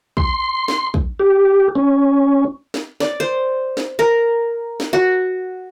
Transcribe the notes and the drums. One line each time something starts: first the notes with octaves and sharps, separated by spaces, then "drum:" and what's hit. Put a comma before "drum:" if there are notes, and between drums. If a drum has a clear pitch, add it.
C6, drum: kick
drum: snare
drum: kick
G4
C#4
drum: snare
D5, drum: snare
C5
drum: snare
A#4
drum: snare
F#4